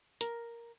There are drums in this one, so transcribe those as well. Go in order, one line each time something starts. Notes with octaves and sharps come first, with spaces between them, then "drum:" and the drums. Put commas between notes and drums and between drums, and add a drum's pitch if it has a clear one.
A#4, drum: hi-hat